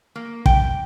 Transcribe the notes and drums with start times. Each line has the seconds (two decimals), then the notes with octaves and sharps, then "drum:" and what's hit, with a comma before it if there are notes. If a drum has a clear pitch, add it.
0.16 A#3
0.46 G5, drum: kick